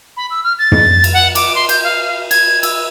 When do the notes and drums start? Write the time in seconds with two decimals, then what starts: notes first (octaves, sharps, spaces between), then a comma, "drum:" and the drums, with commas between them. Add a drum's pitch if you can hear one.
0.17 B5
0.30 E6
0.44 F6
0.59 A6
0.72 drum: tom
1.04 drum: cymbal
1.13 F#5
1.35 D6, drum: cymbal
1.55 C6
1.69 G6, drum: cymbal
1.84 F5
2.31 G#6, drum: cymbal
2.63 E6, drum: cymbal